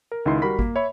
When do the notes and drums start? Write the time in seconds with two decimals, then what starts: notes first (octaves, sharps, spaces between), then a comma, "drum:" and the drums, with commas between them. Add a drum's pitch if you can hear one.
0.12 A#4
0.26 C#2 D#3 D#4 E4 C6 C7
0.42 G3 F#4 A#4 B5 B6
0.59 A#3, drum: kick G#1
0.76 C#5 E5 B5